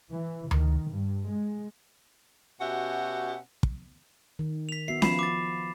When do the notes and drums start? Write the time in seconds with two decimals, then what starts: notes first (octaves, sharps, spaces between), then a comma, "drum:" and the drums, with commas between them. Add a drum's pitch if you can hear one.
0.11 E3
0.51 D#3, drum: tom D2
0.90 G2
1.29 G#3
2.60 B2 C#4 F#4 G4 E5 F#5
3.63 drum: kick
4.39 D#3
4.69 B6 F7
4.88 B3 F#4 E5 C7
5.02 F3 B3 F4 B5 C7 E7, drum: snare C#4
5.19 D6 A6